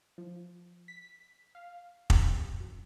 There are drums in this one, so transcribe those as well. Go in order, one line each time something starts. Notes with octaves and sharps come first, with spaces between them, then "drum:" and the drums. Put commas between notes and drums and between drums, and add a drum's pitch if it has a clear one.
F3
B6
F5
C3, drum: kick
F#2